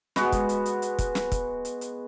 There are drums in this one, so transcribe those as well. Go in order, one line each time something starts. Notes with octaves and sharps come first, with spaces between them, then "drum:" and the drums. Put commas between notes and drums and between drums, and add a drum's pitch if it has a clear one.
G#3 B3 F#4 B4, drum: snare
drum: kick, hi-hat
drum: hi-hat
drum: hi-hat
drum: hi-hat
drum: kick, hi-hat
drum: snare
drum: kick, hi-hat
drum: hi-hat
drum: hi-hat